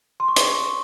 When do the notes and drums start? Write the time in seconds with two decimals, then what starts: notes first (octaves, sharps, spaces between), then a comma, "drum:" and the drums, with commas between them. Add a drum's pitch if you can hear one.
0.20 C6
0.28 C#6
0.36 D6, drum: hi-hat